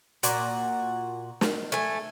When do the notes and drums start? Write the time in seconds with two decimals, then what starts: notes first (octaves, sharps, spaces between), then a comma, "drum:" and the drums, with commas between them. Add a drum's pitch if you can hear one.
0.23 A#2 F#4, drum: hi-hat
1.41 drum: snare
1.72 A3 G#5